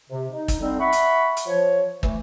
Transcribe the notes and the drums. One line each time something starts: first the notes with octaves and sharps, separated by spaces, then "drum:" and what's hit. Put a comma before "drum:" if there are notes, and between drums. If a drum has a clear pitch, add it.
C3
D#4
drum: kick, hi-hat
D3 G3 C4 D#4
E5 F#5 B5 C#6
drum: hi-hat
drum: hi-hat
F3 C#5
E3 A3, drum: kick